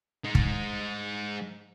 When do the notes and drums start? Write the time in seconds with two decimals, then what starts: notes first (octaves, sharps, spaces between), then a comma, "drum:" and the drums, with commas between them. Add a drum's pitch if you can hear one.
0.24 G#3 D#4
0.35 drum: kick